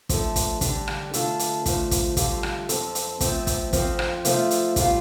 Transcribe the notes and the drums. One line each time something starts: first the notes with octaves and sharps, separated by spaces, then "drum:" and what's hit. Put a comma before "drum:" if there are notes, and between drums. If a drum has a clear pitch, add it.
F3 A3 D4 A4, drum: kick, hi-hat
drum: kick, hi-hat
D3 G3 D4, drum: kick, hi-hat
drum: rim click
D3 A3 D4 F4 A4, drum: hi-hat
drum: hi-hat
D3 F3 A3 F4 C5, drum: kick, hi-hat
drum: kick, hi-hat
D2 D3 G3 F4 A4, drum: kick, hi-hat
drum: rim click
F2 F3 C4 A4, drum: hi-hat
drum: hi-hat
F3 A3 C4, drum: kick, hi-hat
drum: kick, hi-hat
F2 F3 C4, drum: kick, hi-hat
drum: rim click
F3 A3 F4, drum: hi-hat
drum: hi-hat
A2 G3 F4, drum: kick, hi-hat